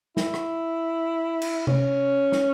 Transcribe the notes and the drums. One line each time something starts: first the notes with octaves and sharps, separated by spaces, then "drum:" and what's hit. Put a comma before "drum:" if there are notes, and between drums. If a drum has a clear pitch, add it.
E4, drum: snare
drum: rim click
drum: cymbal
C#4, drum: tom C3
drum: snare